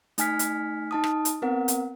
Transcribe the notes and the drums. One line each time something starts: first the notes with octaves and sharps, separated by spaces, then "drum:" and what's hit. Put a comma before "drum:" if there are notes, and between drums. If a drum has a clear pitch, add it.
A3 D#4 G#5 F6 B6, drum: hi-hat
drum: hi-hat
D#4 A5 D#6
drum: rim click
drum: hi-hat
B3 C4 A#4 F#5
drum: hi-hat